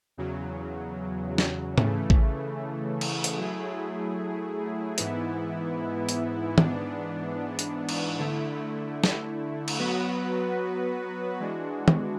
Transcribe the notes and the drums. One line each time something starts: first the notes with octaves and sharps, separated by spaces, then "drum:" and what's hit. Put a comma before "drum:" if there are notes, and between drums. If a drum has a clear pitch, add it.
E2 C#3 F#3
drum: snare
C#3 E3 A3, drum: tom G#2
drum: kick A1
drum: cymbal
drum: hi-hat
F#3 A3 E4 G#4
G#2 E3 B3 E4, drum: hi-hat
drum: hi-hat
G#2 E3 B3 D4, drum: tom
drum: hi-hat
drum: cymbal
D3 A3 E4
drum: snare
drum: cymbal
F#3 B3 F#4 B4
E3 G#3 D4 F#4
drum: tom